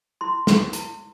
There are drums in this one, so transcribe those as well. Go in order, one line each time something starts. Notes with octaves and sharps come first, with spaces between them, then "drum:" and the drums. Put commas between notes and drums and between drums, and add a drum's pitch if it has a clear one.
E4 C6
B4, drum: snare
E4, drum: hi-hat